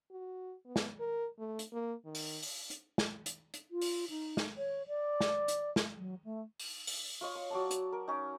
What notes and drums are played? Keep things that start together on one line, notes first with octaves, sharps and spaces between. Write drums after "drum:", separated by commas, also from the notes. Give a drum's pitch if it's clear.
F#4
B3
drum: snare
A#4
A3
drum: hi-hat
A#3
D#3
drum: open hi-hat
drum: open hi-hat
drum: hi-hat
drum: snare
drum: hi-hat
drum: hi-hat
F4
drum: open hi-hat
D#4
drum: snare
C#5
D5
drum: snare
drum: hi-hat
drum: snare
F#3
A3
drum: open hi-hat
drum: open hi-hat
F4 C#5 D#5
C#6
F#3 D5 A5
drum: hi-hat
A#4
C#4 D#4